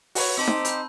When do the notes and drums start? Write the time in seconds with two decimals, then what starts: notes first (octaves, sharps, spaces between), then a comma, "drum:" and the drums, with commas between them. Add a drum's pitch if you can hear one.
0.15 F#4 B4 C#5, drum: open hi-hat
0.38 C4 D#4 G4 C5 A5 C6 E6
0.47 drum: snare D#4
0.65 B5 G6, drum: hi-hat